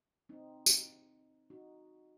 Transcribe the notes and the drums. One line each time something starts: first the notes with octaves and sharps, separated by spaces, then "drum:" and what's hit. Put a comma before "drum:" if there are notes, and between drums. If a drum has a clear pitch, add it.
C4 D#4
drum: tambourine
D#4 F#4